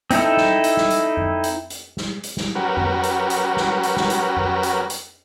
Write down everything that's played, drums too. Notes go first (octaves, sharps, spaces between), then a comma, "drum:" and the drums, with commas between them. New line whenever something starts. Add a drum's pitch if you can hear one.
C4 D#4 E4 A4, drum: hi-hat
drum: snare
drum: hi-hat
drum: snare
drum: hi-hat
drum: tom F2
drum: hi-hat
drum: hi-hat
drum: snare
drum: hi-hat
drum: snare
F#3 C#4 F#4 G4 A#4 B4
drum: tom F2
drum: hi-hat
drum: hi-hat
drum: snare
drum: hi-hat
drum: snare
drum: hi-hat
drum: tom F2
drum: hi-hat
drum: hi-hat